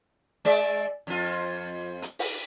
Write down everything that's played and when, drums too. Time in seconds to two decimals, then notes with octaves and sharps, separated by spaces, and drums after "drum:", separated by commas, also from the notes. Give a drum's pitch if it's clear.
0.45 G#3 D5 E5
1.07 F2 F4
2.02 drum: hi-hat
2.19 drum: open hi-hat